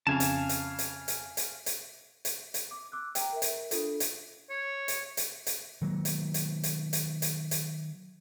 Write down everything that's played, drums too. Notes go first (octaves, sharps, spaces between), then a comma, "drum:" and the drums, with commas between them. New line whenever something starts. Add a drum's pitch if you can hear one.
F2 C#3 F5 G#5 A5
drum: hi-hat
drum: hi-hat
drum: hi-hat
drum: hi-hat
drum: hi-hat
drum: hi-hat
drum: hi-hat
drum: hi-hat
D6
D6 E6 F#6
G5 A#5, drum: hi-hat
A#4 E5
drum: hi-hat
D4 F4 A4, drum: hi-hat
drum: hi-hat
C#5
drum: hi-hat
drum: hi-hat
drum: hi-hat
D#3 F#3 A#3
drum: hi-hat
drum: hi-hat
drum: hi-hat
drum: hi-hat
drum: hi-hat
drum: hi-hat